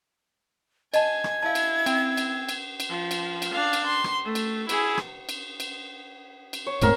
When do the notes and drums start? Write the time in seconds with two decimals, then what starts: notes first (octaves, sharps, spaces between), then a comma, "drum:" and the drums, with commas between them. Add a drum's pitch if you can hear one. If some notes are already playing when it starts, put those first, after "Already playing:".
0.94 D#5 G#5 A5 G#6, drum: cymbal
1.24 drum: rim click
1.43 E4 F5 A5
1.55 drum: cymbal
1.86 C4, drum: cymbal
2.17 drum: cymbal
2.49 drum: cymbal
2.80 drum: cymbal
2.90 F3
3.11 drum: cymbal
3.42 drum: cymbal
3.52 D4 F5
3.73 drum: cymbal
3.87 C6
4.04 drum: rim click
4.25 A3
4.35 drum: cymbal
4.69 E4 G#4, drum: cymbal
4.98 drum: rim click
5.29 drum: cymbal
5.60 drum: cymbal
6.53 drum: cymbal
6.66 C#5
6.82 D#1 G#2 A3 C4 A#4 C#5, drum: cymbal